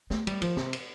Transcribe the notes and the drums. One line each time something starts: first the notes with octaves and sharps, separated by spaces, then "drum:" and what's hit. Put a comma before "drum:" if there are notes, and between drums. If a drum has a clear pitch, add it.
A3, drum: snare
G3, drum: cymbal
F3, drum: cymbal
C3, drum: snare
drum: cymbal